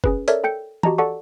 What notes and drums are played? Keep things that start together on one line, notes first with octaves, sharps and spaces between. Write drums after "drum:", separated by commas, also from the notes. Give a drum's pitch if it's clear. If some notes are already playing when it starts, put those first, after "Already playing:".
C#4 G#4 B4, drum: kick
A4 A#4 C#5 D5 E5, drum: hi-hat
A4 G5 G6 C#7
F#4 G4 D#5 A5 A#5, drum: tom E3
A4 D5 F#5 A5 C#6